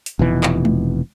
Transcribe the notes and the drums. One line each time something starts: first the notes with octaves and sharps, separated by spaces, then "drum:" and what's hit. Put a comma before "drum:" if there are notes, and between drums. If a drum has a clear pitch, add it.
drum: hi-hat
F1 B2 E3
drum: clap
drum: tom G#3